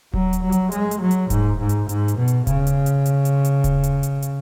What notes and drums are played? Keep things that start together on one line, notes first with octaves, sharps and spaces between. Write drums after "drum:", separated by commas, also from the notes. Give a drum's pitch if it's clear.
F#3, drum: kick D#1
drum: hi-hat
F#3
drum: hi-hat
G#3, drum: hi-hat
drum: hi-hat
F#3
drum: hi-hat
G#2, drum: kick D#1, hi-hat
G#2
drum: hi-hat
G#2, drum: hi-hat
drum: hi-hat
B2
drum: hi-hat
C#3, drum: kick D#1, hi-hat
drum: hi-hat
drum: hi-hat
drum: hi-hat
drum: hi-hat
drum: hi-hat
drum: kick D#1, hi-hat
drum: hi-hat
drum: hi-hat
drum: hi-hat